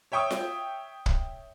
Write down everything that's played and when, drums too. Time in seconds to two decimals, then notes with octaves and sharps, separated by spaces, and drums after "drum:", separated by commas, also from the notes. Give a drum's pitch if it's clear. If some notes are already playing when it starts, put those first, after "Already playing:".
0.12 C#5 E5 G5 C#6 D#6 E6
0.31 drum: snare F4
1.06 drum: kick